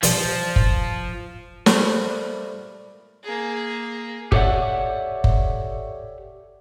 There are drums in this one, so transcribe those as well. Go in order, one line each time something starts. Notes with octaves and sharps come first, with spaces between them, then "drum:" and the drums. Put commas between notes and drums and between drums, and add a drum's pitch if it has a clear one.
E3 F3 G3, drum: hi-hat
drum: kick F#1
F3 G3 A3 A#4 B4 D5, drum: snare
A#3 G#4
G4 A4 C#5 D5 E5 F#5, drum: kick F#1
drum: kick F#1